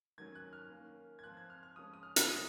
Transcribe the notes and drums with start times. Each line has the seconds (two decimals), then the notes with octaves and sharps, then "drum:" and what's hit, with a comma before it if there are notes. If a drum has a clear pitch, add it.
0.18 D#3 F#3 C#4 G#6
0.35 F#6
0.53 F6
0.70 D#3 A#3 C#4
1.19 G#6
1.24 F3 C4 F#6
1.37 G#6
1.50 F6
1.63 F6
1.76 F3 G#3 C#4 D#6
1.94 D#6
2.03 F6
2.16 F6, drum: hi-hat
2.29 C#3 F#3 C#4 D#6